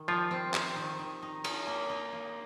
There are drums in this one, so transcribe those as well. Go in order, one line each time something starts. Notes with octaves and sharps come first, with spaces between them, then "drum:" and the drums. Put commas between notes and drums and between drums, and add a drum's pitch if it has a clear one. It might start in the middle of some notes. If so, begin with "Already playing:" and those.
Already playing: D#3
F3 G3 F4
C4
C4, drum: clap
D#3
D#3
D#4
D#4, drum: cymbal
A#3
D#4
A#3